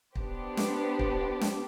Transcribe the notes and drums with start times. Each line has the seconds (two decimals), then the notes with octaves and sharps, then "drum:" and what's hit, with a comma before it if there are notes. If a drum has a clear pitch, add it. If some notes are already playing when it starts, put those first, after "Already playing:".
0.15 B3 D4 G4 C5, drum: kick
0.57 drum: snare
0.99 drum: kick
1.41 drum: snare